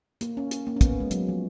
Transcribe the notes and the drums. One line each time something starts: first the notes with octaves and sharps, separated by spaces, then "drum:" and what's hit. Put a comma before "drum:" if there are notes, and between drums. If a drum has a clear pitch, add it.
A#3, drum: hi-hat
C#4
drum: hi-hat
A#3
C#4
B3, drum: kick, hi-hat
G#3
F#3, drum: hi-hat
F3